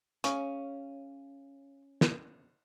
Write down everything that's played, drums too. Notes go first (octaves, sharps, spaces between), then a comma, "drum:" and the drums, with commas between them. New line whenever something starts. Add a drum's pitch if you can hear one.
C#3 C#4, drum: hi-hat
drum: snare